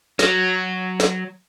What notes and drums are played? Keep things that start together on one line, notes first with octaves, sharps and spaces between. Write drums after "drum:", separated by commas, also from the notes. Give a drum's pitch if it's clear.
F#3, drum: snare
drum: snare